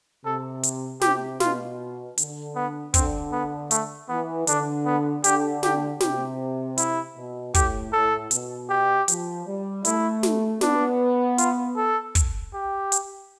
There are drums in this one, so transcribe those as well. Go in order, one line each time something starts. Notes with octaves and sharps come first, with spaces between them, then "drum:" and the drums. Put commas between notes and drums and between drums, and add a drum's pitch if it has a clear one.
C3 A4
drum: hi-hat
C3 G4, drum: snare
B2 F4, drum: snare
D3, drum: hi-hat
B3
D3 C4, drum: kick, hi-hat
B3
A3, drum: hi-hat
E3 B3
D3 D4, drum: hi-hat
B3
D3 G4, drum: hi-hat
G4, drum: snare
C3 G4, drum: snare
E4, drum: hi-hat
B2
A2 G4, drum: kick, hi-hat
A2 A4
B2, drum: hi-hat
G4
F3, drum: hi-hat
G3
A3 E4, drum: hi-hat
drum: snare
B3 D4, drum: snare
F4, drum: hi-hat
A4
drum: kick, hi-hat
G4
drum: hi-hat